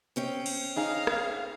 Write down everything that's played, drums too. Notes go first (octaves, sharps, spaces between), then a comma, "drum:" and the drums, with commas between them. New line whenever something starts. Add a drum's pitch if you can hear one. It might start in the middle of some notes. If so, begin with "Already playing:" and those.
C4 C#4 G5
drum: cymbal
D#4 G#4 F5
drum: rim click